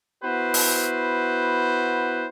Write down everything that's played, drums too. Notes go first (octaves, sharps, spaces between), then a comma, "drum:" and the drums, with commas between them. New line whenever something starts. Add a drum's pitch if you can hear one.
B3 E4 F#4 B4 C5
drum: open hi-hat